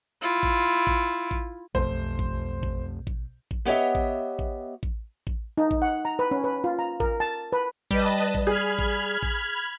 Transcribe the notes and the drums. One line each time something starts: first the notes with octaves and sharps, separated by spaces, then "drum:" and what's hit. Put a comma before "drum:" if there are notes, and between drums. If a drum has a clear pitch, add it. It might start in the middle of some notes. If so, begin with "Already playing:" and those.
E4 F4
drum: kick A1
drum: kick A1
drum: kick A1
B1 F2 A3 C5, drum: kick A1
drum: kick A1
drum: kick A1
drum: kick A1
drum: kick A1
B3 G4 C#5 D#5 E5
drum: kick A1
drum: kick A1
drum: kick A1
drum: kick A1
D#4
drum: kick A1
F#5
A#5
B4
C#4
B4
F4
A#5
A#4, drum: kick A1
A5
B4
G3 B4 D#5 A5, drum: kick A1
drum: kick A1
G#4 B5 F6 G#6
drum: kick A1
drum: kick A1